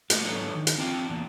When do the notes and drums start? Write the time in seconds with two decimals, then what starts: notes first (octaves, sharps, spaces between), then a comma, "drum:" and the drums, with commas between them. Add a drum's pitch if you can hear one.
0.10 A#2 A3 F#4 D#5, drum: hi-hat
0.25 G#2 F#3 D4 A4 B4 C#5
0.54 D#3
0.67 drum: hi-hat
0.78 C4 D4 F4 G5
1.10 E2 A#2